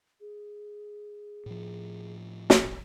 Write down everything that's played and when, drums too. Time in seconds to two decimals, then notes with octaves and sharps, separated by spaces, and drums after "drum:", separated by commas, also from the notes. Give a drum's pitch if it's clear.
0.21 G#4
1.46 A2 F3
2.50 drum: snare